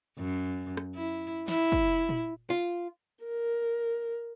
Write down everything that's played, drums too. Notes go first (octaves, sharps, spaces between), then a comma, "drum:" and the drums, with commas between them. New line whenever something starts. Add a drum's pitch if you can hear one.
F#2
drum: rim click
E4
E4, drum: snare
drum: kick
drum: tom A#2
F4
A#4